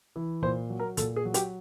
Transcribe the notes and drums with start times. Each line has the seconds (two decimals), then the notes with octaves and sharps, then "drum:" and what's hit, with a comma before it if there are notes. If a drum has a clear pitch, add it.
0.16 E3
0.42 A#2 C5
0.70 F#3
0.80 A#4
0.97 A#2 A4, drum: hi-hat
1.16 G#4
1.25 F#3
1.34 G4, drum: hi-hat